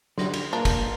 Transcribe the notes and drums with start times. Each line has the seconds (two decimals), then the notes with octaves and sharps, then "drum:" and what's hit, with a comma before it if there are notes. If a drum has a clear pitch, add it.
0.18 D3 G3 C6 A#6, drum: snare
0.33 drum: cymbal
0.53 A#2 D4 F4 A#4
0.65 drum: kick, cymbal